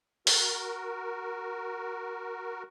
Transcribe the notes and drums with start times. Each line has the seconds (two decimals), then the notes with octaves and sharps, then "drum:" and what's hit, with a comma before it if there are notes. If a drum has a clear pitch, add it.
0.27 F#4 A#4, drum: open hi-hat